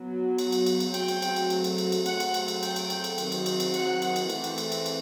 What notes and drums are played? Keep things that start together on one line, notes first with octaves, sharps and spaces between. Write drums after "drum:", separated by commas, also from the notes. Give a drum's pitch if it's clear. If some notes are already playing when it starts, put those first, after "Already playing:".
Already playing: F#3 B3
drum: cymbal
drum: cymbal
drum: cymbal
drum: cymbal
F#3 A3 C4 G5, drum: cymbal
drum: cymbal
drum: cymbal
drum: cymbal
drum: cymbal
drum: cymbal
drum: cymbal
drum: cymbal
F#3 A3 C4 F#5, drum: cymbal
drum: cymbal
drum: cymbal
drum: cymbal
G5, drum: cymbal
drum: cymbal
drum: cymbal
drum: cymbal
D#3 F#3 C4, drum: cymbal
drum: cymbal
drum: cymbal
drum: cymbal
F#5, drum: cymbal
drum: cymbal
drum: cymbal
E3 A3 C4, drum: cymbal
drum: cymbal
drum: cymbal
drum: cymbal
drum: cymbal